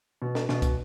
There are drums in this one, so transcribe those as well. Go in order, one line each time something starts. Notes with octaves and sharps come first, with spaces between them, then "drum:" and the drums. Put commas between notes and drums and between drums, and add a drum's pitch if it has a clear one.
B2
drum: snare
B2, drum: snare
drum: kick, hi-hat